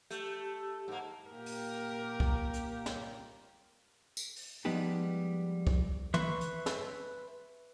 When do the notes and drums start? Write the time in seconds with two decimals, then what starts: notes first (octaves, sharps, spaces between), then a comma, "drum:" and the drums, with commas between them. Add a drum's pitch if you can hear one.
0.11 A3 G4, drum: hi-hat
0.88 G#2 A#3
1.30 A#2 A#3 G4 A#4
1.46 drum: open hi-hat
2.20 drum: kick C2
2.54 drum: hi-hat
2.86 drum: snare
4.17 drum: tambourine
4.36 drum: open hi-hat
4.65 F3 G3 G#3 B3 D#4 G4
5.67 drum: kick C2
6.14 B4 E5 C6 C#6, drum: tom
6.41 drum: hi-hat
6.66 drum: snare